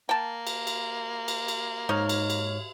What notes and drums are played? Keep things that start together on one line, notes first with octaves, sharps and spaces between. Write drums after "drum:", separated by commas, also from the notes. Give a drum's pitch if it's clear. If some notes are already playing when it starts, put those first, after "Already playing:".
A#3 G5 A5
drum: cymbal
drum: cymbal
drum: cymbal
drum: cymbal
G#2 D#4 C#5 F6
drum: cymbal
drum: cymbal